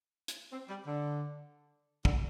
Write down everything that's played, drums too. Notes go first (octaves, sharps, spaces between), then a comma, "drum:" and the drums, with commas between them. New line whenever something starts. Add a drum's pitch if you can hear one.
drum: hi-hat
C4
G3
D3
D3, drum: kick